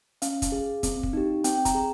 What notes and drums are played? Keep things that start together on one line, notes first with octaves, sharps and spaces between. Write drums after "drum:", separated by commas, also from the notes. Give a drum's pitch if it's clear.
C#4 F5, drum: hi-hat
drum: kick, hi-hat
G#4
C4, drum: kick, hi-hat
drum: kick
D#4 G4
C4 G5, drum: hi-hat
A#5, drum: kick, hi-hat
G#4